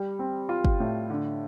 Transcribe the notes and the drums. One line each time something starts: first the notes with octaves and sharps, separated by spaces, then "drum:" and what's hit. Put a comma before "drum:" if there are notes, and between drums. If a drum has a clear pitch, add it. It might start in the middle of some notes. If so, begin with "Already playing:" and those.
Already playing: G3
C4
F4
drum: kick
A2
D3